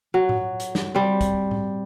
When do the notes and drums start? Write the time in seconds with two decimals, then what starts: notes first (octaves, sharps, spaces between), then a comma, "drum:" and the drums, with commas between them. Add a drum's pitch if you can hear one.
0.14 F#3
0.29 drum: tom A2
0.60 drum: hi-hat
0.75 drum: snare
0.95 G3 C4
1.21 drum: kick, hi-hat
1.51 drum: tom A2